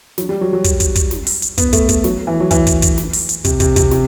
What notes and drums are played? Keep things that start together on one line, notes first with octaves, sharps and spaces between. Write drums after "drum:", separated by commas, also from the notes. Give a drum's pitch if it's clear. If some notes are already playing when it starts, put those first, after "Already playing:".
F#3, drum: snare
G3
F#3
F#3
drum: kick, hi-hat
drum: kick, hi-hat
drum: kick, hi-hat
drum: snare
drum: open hi-hat
drum: hi-hat
B3, drum: kick, hi-hat
A3, drum: kick, hi-hat
A3, drum: kick, hi-hat
F#3, drum: snare
E3
F#3
E3, drum: kick, hi-hat
drum: kick, hi-hat
drum: kick, hi-hat
drum: snare
drum: open hi-hat
drum: hi-hat
C3, drum: kick, hi-hat
C3, drum: kick, hi-hat
C3, drum: kick, hi-hat
C3, drum: snare